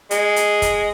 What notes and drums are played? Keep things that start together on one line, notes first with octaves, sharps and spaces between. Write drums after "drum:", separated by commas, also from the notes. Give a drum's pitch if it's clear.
G#3, drum: hi-hat
drum: hi-hat
drum: kick, hi-hat